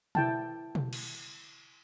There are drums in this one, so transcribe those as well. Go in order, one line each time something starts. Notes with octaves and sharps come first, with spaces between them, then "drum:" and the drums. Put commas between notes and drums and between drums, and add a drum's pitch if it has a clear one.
E4 G5 A5, drum: tom B2
drum: tom B2
drum: cymbal